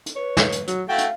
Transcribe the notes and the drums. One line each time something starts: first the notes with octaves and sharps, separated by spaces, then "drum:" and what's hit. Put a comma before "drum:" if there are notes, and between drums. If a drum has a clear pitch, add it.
drum: hi-hat
B4 C#5
drum: snare
drum: hi-hat
F#3, drum: hi-hat
A3 E4 F#4 F5 G5
drum: hi-hat